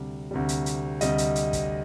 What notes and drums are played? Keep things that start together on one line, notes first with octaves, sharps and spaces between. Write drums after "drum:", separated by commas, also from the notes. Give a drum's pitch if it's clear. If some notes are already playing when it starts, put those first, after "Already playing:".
Already playing: D2 C3 G3
D2 C3 G3
drum: hi-hat
drum: hi-hat
D2 C3 G3 D#5, drum: hi-hat
drum: hi-hat
drum: hi-hat
drum: kick, hi-hat